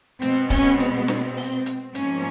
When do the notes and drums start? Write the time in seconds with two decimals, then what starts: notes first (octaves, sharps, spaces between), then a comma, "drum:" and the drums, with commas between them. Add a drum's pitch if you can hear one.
0.22 B2 G#3 B3 C4, drum: hi-hat
0.50 C#4, drum: kick C#1, open hi-hat
0.80 C4, drum: hi-hat
1.08 drum: snare
1.37 drum: open hi-hat
1.66 drum: hi-hat
1.95 G#2 F3 A#3 C#4, drum: hi-hat